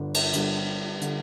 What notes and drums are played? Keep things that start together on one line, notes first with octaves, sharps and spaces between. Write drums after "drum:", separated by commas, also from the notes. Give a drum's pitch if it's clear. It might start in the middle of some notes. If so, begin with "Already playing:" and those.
Already playing: G1 G2 D3
drum: cymbal
G1 G2 D3, drum: hi-hat
D3, drum: hi-hat